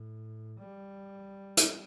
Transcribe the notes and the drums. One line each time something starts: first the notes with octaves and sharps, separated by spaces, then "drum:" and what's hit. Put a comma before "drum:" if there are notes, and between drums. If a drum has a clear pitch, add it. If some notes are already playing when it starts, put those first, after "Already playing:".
Already playing: A2
G3
drum: hi-hat